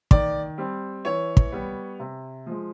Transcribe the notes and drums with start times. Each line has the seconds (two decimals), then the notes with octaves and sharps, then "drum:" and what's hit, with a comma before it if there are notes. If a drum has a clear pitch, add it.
0.11 D#3 D5, drum: kick
0.58 G3 C4
1.05 E3 C#5
1.37 drum: kick
1.52 G3 B3
2.00 C3
2.46 F3 G#3